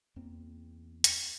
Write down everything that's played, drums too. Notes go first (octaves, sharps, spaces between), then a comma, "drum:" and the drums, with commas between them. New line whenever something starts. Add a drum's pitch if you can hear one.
E2 A#3 C4
drum: hi-hat